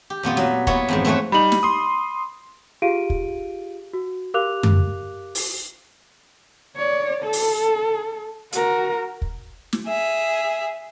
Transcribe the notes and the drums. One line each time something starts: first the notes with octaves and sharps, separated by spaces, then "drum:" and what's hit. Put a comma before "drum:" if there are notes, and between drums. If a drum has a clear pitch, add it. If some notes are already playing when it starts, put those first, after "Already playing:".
G4
F2 A#2 B3 F4
F#3, drum: snare
A#3 B3 E4 C#5, drum: kick
F2 G#2 E3
E3 A3 C4 B4 C#5
G3 D#4 B5 F#7
drum: snare
C6 D#6
F4 G4 G#4 F5 D7 D#7
drum: kick
F#4
G4 A#4 F5 D6 F#6 F7
drum: tom F#2
drum: open hi-hat
C#5 D5
A4
drum: open hi-hat
F#4 A#4, drum: hi-hat
drum: kick
drum: snare
G#4 E5